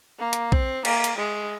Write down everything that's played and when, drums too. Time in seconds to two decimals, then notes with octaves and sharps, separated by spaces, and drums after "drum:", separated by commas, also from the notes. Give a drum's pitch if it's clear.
0.19 A#3
0.33 drum: hi-hat
0.52 C4, drum: kick A#1
0.85 A#3, drum: cymbal
1.04 drum: hi-hat
1.17 G#3